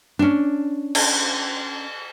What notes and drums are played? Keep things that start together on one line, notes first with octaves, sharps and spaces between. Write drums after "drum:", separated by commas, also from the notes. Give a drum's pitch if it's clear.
C#4 D4
drum: cymbal